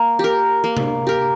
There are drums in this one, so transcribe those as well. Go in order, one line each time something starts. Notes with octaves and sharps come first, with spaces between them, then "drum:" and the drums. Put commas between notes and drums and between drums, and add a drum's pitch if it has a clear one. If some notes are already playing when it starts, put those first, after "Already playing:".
Already playing: A#3
G4 A#4
A#3
drum: tom
G4 A#4